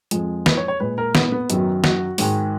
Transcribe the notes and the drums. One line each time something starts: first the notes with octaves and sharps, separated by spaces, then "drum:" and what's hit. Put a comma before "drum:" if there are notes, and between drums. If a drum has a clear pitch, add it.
F2 F3 G#3, drum: hi-hat
B4, drum: snare
C#5
C#5
A#2 G#3 B4
A#4
B3, drum: snare
B3
F#2 D#3 F#3, drum: hi-hat
F#4, drum: snare
G#2 D#3 G#3, drum: open hi-hat